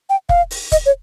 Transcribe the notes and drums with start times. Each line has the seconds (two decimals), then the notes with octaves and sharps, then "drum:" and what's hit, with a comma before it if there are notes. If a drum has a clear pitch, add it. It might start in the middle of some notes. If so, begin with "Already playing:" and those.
0.10 G5
0.29 F5, drum: kick
0.51 drum: open hi-hat
0.72 D#5, drum: kick, hi-hat
0.86 C#5